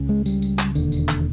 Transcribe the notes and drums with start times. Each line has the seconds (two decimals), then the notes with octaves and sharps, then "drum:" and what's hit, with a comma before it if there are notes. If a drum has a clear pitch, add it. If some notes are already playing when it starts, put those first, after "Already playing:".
Already playing: C#2 C#3
0.09 G#3
0.26 G3, drum: tambourine
0.42 drum: tambourine
0.59 drum: clap
0.75 E1 D#2 D3, drum: tambourine
0.92 drum: tambourine
1.09 drum: clap